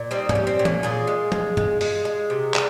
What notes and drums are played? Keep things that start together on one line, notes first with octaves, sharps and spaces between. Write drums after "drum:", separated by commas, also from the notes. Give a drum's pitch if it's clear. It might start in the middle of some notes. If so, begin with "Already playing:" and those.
Already playing: A#2
G3 C4 D#4
A#3 C#4, drum: tom G#2
G3
C4
A#2
A#3 C#4, drum: tom
A#2 F4 G#4
G#3
G#3, drum: tom F3
G#3, drum: tom G2
G#3, drum: open hi-hat
G#3
C3
G3, drum: clap